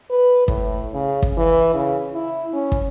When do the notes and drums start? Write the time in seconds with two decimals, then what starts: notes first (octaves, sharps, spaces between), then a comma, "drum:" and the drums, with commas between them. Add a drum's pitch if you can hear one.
0.10 B4
0.48 A2, drum: kick
0.94 C#3
1.22 drum: kick
1.38 E3
1.74 C#3
2.14 E4
2.53 C#4
2.72 drum: kick